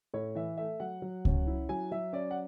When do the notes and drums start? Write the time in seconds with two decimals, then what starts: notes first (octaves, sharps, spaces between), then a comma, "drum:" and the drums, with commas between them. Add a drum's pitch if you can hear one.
0.14 A2 C#5
0.35 E3 E5
0.57 A3 E5
0.80 F#3 F#5
1.02 F#3
1.25 C#4, drum: kick C#2
1.47 E4
1.69 F#3 G#5
1.91 F#3 E5
2.13 C#4 D5
2.31 F#5